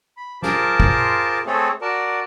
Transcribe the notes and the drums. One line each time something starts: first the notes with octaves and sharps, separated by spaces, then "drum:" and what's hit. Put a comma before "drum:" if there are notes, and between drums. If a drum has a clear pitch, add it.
B5
F4 G#4 A#4 C5 A5 D6, drum: snare
drum: kick
A3 C4 G#4 A4 C#5
F#4 A#4 D5 A5